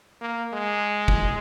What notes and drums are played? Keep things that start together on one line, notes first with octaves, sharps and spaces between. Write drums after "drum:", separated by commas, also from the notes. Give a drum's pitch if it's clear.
A#3
G#3
drum: kick